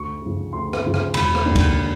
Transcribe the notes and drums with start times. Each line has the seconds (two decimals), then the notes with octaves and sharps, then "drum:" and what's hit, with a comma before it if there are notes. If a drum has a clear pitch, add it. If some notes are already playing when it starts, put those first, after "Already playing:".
Already playing: D2 C#6
0.22 C#3 F3
0.53 D2 C6
0.73 drum: rim click
0.84 C#3 F3
0.94 drum: rim click
1.14 E1 B5, drum: cymbal
1.35 drum: rim click
1.45 D#2 D3
1.55 drum: kick C#2, cymbal